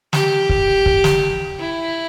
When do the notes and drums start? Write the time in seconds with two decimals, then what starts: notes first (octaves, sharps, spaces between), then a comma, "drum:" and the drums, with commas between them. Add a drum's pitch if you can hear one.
0.13 G4, drum: snare
0.49 drum: kick
0.86 drum: kick
1.04 drum: snare
1.59 E4